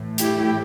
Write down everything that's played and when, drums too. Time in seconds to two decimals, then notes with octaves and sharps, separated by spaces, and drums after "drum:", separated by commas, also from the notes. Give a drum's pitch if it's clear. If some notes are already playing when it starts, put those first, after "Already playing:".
Already playing: A2 E3 A3
0.18 E4 G4, drum: hi-hat